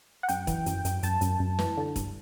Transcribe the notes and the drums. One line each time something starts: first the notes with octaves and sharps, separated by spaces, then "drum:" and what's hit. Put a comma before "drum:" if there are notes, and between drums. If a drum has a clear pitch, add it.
F#5
F#2 G5, drum: hi-hat
E3, drum: kick E1, hi-hat
F#2, drum: hi-hat
F#2, drum: hi-hat
F#2 A5, drum: hi-hat
F#2, drum: hi-hat
F#2
E3, drum: snare
D3
G2, drum: kick E1, hi-hat